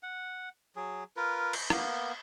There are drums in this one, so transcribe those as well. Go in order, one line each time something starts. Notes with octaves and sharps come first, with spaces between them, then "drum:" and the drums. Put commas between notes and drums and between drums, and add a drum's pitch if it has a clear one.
F#5
F#3 G#4
F4 A#4 B4
drum: cymbal
A#3 B3, drum: rim click